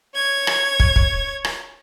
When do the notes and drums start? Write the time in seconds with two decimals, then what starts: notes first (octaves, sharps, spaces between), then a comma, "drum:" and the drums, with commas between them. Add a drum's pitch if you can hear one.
0.15 C#5 G#6
0.47 drum: rim click
0.80 drum: kick
0.96 drum: kick
1.45 drum: rim click